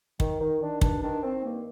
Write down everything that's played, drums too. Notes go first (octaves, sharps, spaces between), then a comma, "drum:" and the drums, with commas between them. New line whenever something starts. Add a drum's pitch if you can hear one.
D#3, drum: kick
D#3
D#3 D4
G2 D4, drum: kick
D#3 D4
D#3 C4
G2 A#3